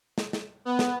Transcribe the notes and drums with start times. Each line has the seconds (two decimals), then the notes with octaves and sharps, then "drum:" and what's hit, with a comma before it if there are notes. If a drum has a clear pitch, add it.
0.18 drum: snare
0.33 drum: snare
0.65 B3
0.79 drum: snare